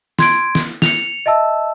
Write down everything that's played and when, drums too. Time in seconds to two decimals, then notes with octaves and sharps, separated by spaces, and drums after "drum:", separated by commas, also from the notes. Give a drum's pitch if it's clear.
0.19 C6 G#6 D7, drum: snare
0.55 drum: snare
0.82 C#7 F7, drum: snare
1.26 D#5 E5 A5 E6